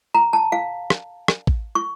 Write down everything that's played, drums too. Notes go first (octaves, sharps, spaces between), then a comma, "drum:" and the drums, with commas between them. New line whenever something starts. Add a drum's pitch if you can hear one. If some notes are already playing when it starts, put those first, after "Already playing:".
A#5
A5
F5
drum: rim click
drum: rim click
drum: kick
C#6